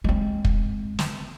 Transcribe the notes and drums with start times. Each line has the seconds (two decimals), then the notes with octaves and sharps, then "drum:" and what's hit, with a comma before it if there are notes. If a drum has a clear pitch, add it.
0.04 G#3 C4
0.45 drum: kick
0.99 drum: snare